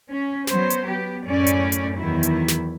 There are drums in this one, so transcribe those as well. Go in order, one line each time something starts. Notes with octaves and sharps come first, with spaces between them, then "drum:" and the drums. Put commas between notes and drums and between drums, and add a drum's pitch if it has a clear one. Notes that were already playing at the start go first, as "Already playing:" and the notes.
C#4
F#3 B3 C5, drum: snare
drum: hi-hat
B3 G4
F#2 A2 C#4 D5
drum: hi-hat
drum: hi-hat
E2 D#3 F#3 E4
drum: hi-hat
drum: snare